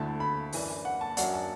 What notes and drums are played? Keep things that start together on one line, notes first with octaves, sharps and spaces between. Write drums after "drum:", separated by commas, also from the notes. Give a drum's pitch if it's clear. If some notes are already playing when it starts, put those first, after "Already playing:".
Already playing: D2 D3 A3 E4 A5
B5
F#2 E3 D4, drum: open hi-hat
F#5
A5
F#2 F#3 D4 F#5, drum: hi-hat
A5